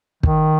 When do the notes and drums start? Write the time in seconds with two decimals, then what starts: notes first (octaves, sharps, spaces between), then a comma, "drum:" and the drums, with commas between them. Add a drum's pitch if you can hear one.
0.23 D#3, drum: kick